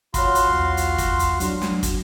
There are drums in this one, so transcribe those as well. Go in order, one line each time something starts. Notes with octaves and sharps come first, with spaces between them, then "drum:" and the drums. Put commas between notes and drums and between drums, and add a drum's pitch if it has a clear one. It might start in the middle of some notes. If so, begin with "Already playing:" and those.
F4 F#4 C#5 B5 C6, drum: kick, hi-hat
drum: hi-hat
B1 E2
drum: hi-hat
drum: kick, hi-hat
drum: hi-hat
F#3 D4 F#4, drum: hi-hat
drum: snare
drum: kick, hi-hat